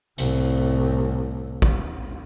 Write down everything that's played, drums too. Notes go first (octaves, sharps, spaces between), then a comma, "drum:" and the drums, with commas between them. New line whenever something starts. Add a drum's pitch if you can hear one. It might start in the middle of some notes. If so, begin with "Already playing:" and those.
C2 A2, drum: hi-hat
drum: kick